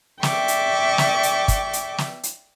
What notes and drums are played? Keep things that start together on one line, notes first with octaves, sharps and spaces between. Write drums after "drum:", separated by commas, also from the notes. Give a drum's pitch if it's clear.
D5 E5 G5 C#6 D6, drum: snare
drum: hi-hat
drum: snare
drum: hi-hat
drum: kick, hi-hat
drum: hi-hat
drum: snare
drum: hi-hat